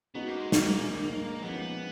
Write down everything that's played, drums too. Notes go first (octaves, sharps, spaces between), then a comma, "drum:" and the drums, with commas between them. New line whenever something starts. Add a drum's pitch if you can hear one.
G#3 B3 D#4 F#4
A#3
G#3
A#3, drum: snare
A#2 G#3 D#4
F3 G#3 B3 C#4